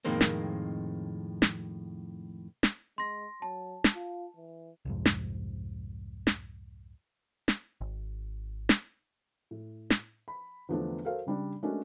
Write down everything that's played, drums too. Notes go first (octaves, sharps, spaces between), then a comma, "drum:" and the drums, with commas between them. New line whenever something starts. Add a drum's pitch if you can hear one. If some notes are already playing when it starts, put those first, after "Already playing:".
F2 A2 D#3 G#3 A#3 C4
drum: snare
drum: snare
drum: snare
G#3 C6 A#6
F#3 A5
drum: snare
F4
E3
C2 F2 G#2
drum: snare
drum: snare
drum: snare
G#1
drum: snare
A2
drum: snare
B5
E2 D3 F3 A3 B3 D4
F#4 A4 A#4 C5 F5
C#3 G3 D4 D5
G#3 A3 C#4 D4 F#4 A#4